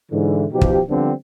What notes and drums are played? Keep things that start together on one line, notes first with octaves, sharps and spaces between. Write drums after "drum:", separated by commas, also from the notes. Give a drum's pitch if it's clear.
G#2 D3 E3
B2 F3 D#4 G4
drum: kick
D3 F3 G3 B3 C4 D4